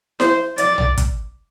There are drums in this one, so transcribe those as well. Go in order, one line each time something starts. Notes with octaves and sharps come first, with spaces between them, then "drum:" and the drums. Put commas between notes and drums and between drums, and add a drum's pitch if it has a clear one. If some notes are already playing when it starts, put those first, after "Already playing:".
C5, drum: snare E4
D5, drum: hi-hat
drum: tom
drum: kick, hi-hat